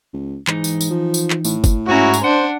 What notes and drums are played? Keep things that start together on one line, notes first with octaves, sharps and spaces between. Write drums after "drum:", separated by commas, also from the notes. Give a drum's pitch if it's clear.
C#2
G#2 E3 D#4, drum: clap
drum: tambourine
drum: tambourine
F3
drum: tambourine
drum: clap
A2, drum: tambourine
drum: kick, tambourine
G#2 C#4 E4 F#4 G#4 A#5
drum: tambourine
D4 C5 F#5